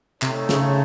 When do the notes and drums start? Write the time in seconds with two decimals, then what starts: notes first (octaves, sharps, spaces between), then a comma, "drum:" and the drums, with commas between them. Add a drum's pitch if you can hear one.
0.22 C3 A3 C4 D#4 A4 C#5, drum: clap
0.49 C#3, drum: snare